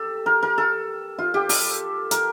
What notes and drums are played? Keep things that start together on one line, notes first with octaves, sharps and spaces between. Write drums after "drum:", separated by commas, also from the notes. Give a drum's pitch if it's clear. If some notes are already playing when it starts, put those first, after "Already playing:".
Already playing: G4 A4
A#4
A#4
A4
F4
G4
A4, drum: open hi-hat
A#4, drum: hi-hat